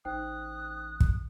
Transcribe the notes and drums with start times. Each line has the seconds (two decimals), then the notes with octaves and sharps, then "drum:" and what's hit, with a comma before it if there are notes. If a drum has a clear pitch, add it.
0.05 A1 D#4 C5 G5 D#6 F#6
1.00 drum: kick